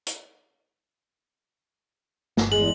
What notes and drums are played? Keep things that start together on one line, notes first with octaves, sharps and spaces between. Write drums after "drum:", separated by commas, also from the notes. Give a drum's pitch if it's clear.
drum: hi-hat
G1, drum: snare
E2 G#3 F#7